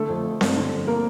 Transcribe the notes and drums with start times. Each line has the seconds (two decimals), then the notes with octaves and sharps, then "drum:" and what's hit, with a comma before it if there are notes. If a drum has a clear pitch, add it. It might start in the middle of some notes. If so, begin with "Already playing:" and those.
Already playing: D3 A3 A4
0.09 F2
0.25 F3
0.41 G1, drum: snare C4
0.56 D3
0.72 F2
0.87 F3 A#3 A#4